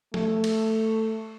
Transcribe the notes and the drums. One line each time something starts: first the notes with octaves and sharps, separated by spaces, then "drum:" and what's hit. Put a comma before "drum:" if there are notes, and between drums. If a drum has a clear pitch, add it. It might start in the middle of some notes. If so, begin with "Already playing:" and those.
A3, drum: tom F3
drum: cymbal